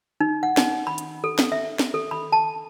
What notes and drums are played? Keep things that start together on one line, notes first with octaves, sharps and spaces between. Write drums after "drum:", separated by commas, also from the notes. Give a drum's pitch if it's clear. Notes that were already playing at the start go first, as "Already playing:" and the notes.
D#4
F#5
D#4, drum: snare
B5
drum: hi-hat
A4
drum: snare
E5
drum: snare
A4
B5
A5